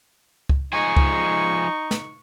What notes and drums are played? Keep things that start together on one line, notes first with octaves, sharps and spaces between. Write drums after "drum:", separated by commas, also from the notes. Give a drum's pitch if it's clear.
drum: kick C#2
F3 G#3 D#4 G#5 C#6
drum: kick C#2
drum: snare